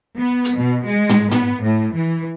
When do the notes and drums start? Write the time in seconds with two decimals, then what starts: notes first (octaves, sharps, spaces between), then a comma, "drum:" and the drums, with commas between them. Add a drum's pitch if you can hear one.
0.18 B3
0.44 drum: hi-hat
0.57 B2
0.86 G#3
1.09 drum: tom
1.31 B3, drum: tom
1.62 A2
1.95 E3